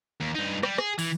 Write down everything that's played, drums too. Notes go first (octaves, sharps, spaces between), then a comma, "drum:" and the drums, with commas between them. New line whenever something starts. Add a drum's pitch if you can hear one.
D#2
G2 D#4
G3, drum: rim click
G#4, drum: rim click
E3, drum: open hi-hat